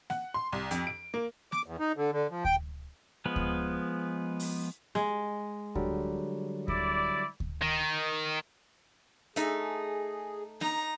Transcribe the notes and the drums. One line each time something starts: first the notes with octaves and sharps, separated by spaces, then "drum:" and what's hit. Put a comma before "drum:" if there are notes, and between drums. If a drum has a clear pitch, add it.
F#5, drum: snare
C6
C2
F2, drum: hi-hat
D7
A#3
D6, drum: snare
E2
D#4
D3
D3
F3
G5, drum: kick D2
F3 G#3 B3 B4
drum: kick D2
drum: open hi-hat
G#3, drum: snare
D3 F#3 G3, drum: kick D2
E4 D5, drum: kick D2
drum: kick D2
D#3
A3 D#4 G#4, drum: hi-hat
D#4 A#5, drum: snare